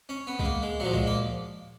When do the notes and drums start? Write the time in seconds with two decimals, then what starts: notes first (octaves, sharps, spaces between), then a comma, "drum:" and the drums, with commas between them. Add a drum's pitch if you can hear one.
0.09 C#4
0.27 B3
0.39 G#3, drum: kick C2
0.45 A#3
0.62 G#3
0.80 A#2 F3 F#3
0.94 G#3, drum: kick C2
1.07 A#3